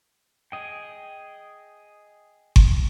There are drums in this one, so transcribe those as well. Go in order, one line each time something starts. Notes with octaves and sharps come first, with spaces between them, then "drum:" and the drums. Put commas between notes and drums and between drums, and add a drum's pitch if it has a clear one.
G#4 D#5 G5
drum: kick G1